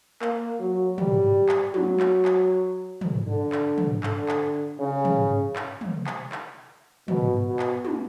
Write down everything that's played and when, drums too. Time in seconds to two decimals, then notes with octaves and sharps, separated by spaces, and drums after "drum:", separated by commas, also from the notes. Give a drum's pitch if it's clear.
0.22 A#3, drum: clap
0.60 F#3
0.98 G3, drum: tom
1.49 drum: clap
1.74 F#3, drum: tom
2.00 drum: clap
2.25 drum: clap
3.01 drum: tom
3.27 D3
3.52 drum: clap
3.78 drum: tom
4.03 D3, drum: clap
4.29 drum: clap
4.80 C#3
5.05 drum: tom
5.56 drum: clap
5.81 drum: tom
6.07 drum: clap
6.32 drum: clap
7.08 B2, drum: tom
7.46 B2
7.59 drum: clap
7.85 drum: tom